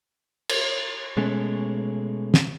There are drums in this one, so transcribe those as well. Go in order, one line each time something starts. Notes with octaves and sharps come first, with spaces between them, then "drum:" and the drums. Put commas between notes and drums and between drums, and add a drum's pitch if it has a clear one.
drum: cymbal
B2 G#3 A3 C#4
drum: snare